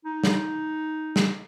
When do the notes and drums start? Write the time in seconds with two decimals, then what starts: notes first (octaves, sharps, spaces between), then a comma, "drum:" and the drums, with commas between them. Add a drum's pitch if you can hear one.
0.05 D#4
0.24 drum: snare
1.16 drum: snare